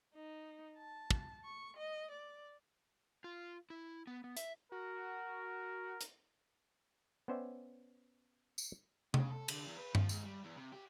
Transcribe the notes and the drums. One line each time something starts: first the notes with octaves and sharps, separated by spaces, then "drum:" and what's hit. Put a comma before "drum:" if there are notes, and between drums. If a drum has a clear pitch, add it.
D#4
A5
drum: kick
C#6
D#5
D5
F4
E4
B3
B3
E5, drum: hi-hat
F#4 A#4
drum: hi-hat
B3 C#4 C5 D5 E5 G5
drum: tambourine
C#3, drum: tom C3
A4
D3, drum: cymbal
E2
B4
F3, drum: tom G2
G#2, drum: tambourine
G3
E2
C3
G4